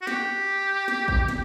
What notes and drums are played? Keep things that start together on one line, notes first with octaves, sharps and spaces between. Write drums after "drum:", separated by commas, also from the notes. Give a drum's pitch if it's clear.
F#4
G4, drum: snare
drum: snare
drum: kick
drum: snare